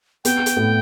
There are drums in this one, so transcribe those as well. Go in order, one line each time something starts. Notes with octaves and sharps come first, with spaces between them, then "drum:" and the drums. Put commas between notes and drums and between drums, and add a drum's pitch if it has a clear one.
B3 G5, drum: hi-hat
drum: hi-hat
A2